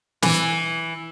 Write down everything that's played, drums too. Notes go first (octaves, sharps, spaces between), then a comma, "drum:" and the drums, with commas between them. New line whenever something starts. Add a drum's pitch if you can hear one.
E3, drum: snare